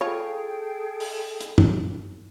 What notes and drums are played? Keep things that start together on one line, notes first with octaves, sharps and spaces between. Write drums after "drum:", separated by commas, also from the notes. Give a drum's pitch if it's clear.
F4 G#4 A4 C#5 G5
drum: open hi-hat
drum: hi-hat
drum: tom G2